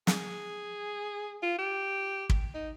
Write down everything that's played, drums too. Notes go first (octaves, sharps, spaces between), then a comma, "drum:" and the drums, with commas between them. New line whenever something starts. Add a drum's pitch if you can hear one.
G#4, drum: snare
F4
G4
drum: kick
D#4